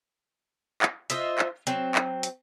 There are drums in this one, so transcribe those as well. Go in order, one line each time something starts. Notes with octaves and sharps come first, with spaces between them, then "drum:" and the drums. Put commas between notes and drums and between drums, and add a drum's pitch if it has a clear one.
drum: clap
F4 C5 D#5 E5, drum: hi-hat
drum: clap
F#3 C4, drum: hi-hat
drum: clap
drum: hi-hat